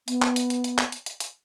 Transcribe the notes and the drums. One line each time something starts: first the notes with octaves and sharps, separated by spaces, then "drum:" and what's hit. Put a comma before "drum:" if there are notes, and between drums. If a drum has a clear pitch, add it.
B3, drum: hi-hat
drum: clap
drum: hi-hat
drum: hi-hat
drum: hi-hat
drum: clap
drum: hi-hat
drum: hi-hat
drum: hi-hat